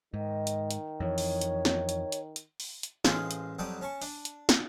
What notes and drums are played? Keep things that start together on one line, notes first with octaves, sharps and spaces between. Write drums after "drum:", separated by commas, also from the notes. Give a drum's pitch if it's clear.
G#2 D#3 D#5
drum: hi-hat
drum: hi-hat
F2 E3 C#5
drum: open hi-hat
drum: hi-hat
drum: snare
drum: hi-hat
drum: hi-hat
drum: hi-hat
drum: open hi-hat
drum: hi-hat
A1 G#3 C5 F5 D#6, drum: snare
drum: hi-hat
F2 F#3 G3 A5 D6 D#6
C#4 A5 C#6
D4, drum: open hi-hat
drum: hi-hat
drum: snare